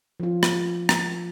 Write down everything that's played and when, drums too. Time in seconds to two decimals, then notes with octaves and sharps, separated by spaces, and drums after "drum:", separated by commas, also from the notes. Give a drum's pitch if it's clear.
0.20 F3 F4
0.43 drum: rim click
0.89 drum: rim click